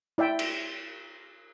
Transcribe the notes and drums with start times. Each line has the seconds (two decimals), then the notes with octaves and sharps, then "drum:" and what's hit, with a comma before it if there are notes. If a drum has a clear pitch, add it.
0.18 E4 D5 E5 G5
0.39 drum: cymbal